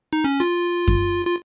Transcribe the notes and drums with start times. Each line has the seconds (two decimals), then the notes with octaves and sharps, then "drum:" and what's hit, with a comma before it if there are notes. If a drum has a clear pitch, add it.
0.13 D#4
0.24 C#4
0.40 F4
0.88 drum: kick F#2
1.26 F4